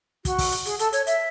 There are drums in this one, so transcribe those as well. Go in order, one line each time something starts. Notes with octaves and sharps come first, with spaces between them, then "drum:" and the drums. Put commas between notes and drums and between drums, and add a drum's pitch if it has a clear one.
F#4, drum: kick, hi-hat
drum: kick, open hi-hat
drum: hi-hat
G#4, drum: hi-hat
A4, drum: hi-hat
C#5, drum: hi-hat
E5, drum: hi-hat